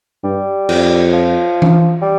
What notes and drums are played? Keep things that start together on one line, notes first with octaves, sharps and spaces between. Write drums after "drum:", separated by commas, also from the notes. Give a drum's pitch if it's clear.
G2 G3
F2, drum: cymbal
F3
drum: tom E3
G3